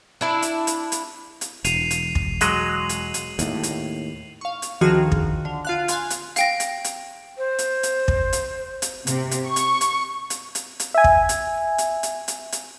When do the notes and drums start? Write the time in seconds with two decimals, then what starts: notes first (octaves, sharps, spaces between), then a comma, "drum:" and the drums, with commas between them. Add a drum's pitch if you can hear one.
0.21 D4 E4 D5
0.42 drum: hi-hat
0.67 drum: hi-hat
0.92 drum: hi-hat
1.41 drum: hi-hat
1.65 E1 C7 D#7 F7, drum: hi-hat
1.91 drum: hi-hat
2.15 drum: kick
2.41 F#3 G#3 D#5 F#7, drum: hi-hat
2.89 drum: hi-hat
3.14 drum: hi-hat
3.39 D#2 A2, drum: hi-hat
3.63 drum: hi-hat
4.41 F5 C#6
4.62 drum: hi-hat
4.81 D2 D#3 F3 F#4 G#4 F6
5.12 drum: kick
5.45 D3
5.65 F4 F5 F#6
5.88 F5 G#5 C6 F#6, drum: hi-hat
6.10 drum: hi-hat
6.36 F5 G5 A#6, drum: hi-hat
6.60 drum: hi-hat
6.84 drum: hi-hat
7.38 C5
7.59 drum: hi-hat
7.83 drum: hi-hat
8.08 drum: kick
8.33 drum: hi-hat
8.82 drum: hi-hat
9.07 C3, drum: hi-hat
9.31 drum: hi-hat
9.47 C#6
9.56 drum: hi-hat
9.81 drum: hi-hat
10.30 drum: hi-hat
10.55 drum: hi-hat
10.80 drum: hi-hat
10.94 E5 G#5
11.04 drum: kick
11.29 drum: hi-hat
11.78 drum: hi-hat
12.03 drum: hi-hat
12.28 drum: hi-hat
12.52 drum: hi-hat